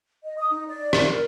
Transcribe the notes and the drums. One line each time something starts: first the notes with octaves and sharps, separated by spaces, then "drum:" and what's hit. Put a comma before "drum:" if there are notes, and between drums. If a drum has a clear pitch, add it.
D#5
D#6
D#4
D5
drum: rim click
A#4